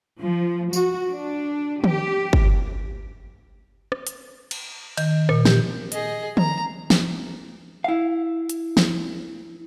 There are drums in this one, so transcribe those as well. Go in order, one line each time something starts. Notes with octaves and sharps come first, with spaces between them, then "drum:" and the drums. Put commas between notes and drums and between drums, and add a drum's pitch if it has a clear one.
F3
F#4, drum: tambourine
D4
G4, drum: tom
drum: kick G1
drum: rim click
drum: hi-hat
drum: cymbal
D#3, drum: cymbal
A#2, drum: rim click
G4, drum: snare
G#4 D#5, drum: hi-hat
A#5, drum: tom
drum: snare
E4 F5
drum: hi-hat
drum: snare